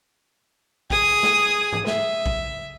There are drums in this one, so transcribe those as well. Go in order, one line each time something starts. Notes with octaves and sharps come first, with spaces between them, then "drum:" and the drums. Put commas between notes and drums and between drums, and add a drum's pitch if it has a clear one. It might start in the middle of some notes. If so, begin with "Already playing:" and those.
G#4 D#6, drum: kick A#1
drum: snare
drum: tom G#2
E5, drum: snare
drum: kick A#1